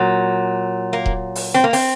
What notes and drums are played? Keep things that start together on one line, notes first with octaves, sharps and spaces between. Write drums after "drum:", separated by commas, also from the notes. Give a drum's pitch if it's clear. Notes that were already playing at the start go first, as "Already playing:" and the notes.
Already playing: A#2 F#3
A#3
drum: kick D#1
drum: open hi-hat
C4
A#3
C4, drum: open hi-hat